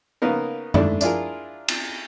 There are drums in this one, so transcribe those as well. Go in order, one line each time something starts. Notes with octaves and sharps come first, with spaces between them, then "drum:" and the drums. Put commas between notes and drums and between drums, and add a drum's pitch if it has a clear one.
C#3 A#3 B3 D#4 A#4
G#2 A3 D4 E4, drum: tom F#2
D4 E4 F4 G#4 A#4, drum: tambourine
drum: cymbal